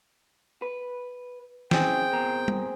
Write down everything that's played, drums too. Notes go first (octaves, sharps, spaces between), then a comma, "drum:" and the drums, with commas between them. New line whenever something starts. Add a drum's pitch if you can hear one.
B4
F#3 C4 C#4 E4 G#4 G5, drum: snare
B2 A#4 A#5
drum: tom G3